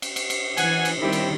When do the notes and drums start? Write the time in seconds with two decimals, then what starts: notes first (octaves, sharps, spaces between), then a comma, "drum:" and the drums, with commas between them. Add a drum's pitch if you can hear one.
0.02 drum: cymbal
0.16 drum: cymbal
0.30 drum: cymbal
0.57 E3 F#5 G#5, drum: cymbal
0.85 drum: cymbal
1.02 D#3 G3 C4 E4 G4
1.12 drum: cymbal